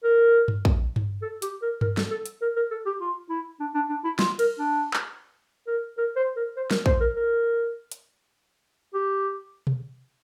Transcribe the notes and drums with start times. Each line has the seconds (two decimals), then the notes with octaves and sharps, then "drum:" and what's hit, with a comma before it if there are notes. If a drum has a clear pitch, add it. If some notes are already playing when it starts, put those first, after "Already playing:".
0.04 A#4
0.48 drum: tom G2
0.65 drum: kick A#1
0.96 drum: tom G2
1.22 A4
1.42 G4, drum: hi-hat
1.62 A#4
1.81 A#4, drum: tom G2
1.97 A4, drum: snare
2.11 A4
2.26 drum: hi-hat
2.42 A#4
2.56 A#4
2.71 A4
2.86 G4
3.01 F4
3.30 E4
3.60 D4
3.74 D4
3.90 D4
4.04 E4
4.19 F4, drum: snare
4.39 A#4, drum: cymbal
4.59 D4
4.93 drum: clap
5.67 A#4
5.97 A#4
6.16 C5
6.36 A#4
6.57 C5
6.71 A#4, drum: snare
6.86 C5, drum: kick A#1
7.00 A#4
7.16 A#4
7.92 drum: hi-hat
8.94 G4
9.67 drum: tom B2